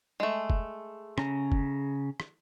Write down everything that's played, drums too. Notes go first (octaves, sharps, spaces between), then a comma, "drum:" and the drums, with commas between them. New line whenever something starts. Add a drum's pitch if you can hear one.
G#3 A3
drum: kick
C#3 C#4 A#5, drum: rim click
drum: kick
drum: rim click